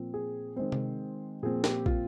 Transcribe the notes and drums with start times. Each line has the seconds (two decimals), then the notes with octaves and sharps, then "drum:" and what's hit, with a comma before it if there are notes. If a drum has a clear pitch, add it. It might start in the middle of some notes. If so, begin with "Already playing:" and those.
Already playing: A#2 F3 C4
0.14 G#4
0.56 D#3 G#3 C4 C5
0.72 drum: tom C3
1.43 A#2 F3 C4 G#4
1.64 G4, drum: snare
1.86 F4, drum: kick